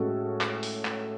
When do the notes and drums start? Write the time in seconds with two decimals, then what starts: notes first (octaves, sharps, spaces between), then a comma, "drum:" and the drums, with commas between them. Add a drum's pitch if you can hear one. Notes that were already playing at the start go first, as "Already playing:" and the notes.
Already playing: A2 G#3 C#4 F#4 A4
0.41 drum: clap
0.63 drum: open hi-hat
0.85 drum: clap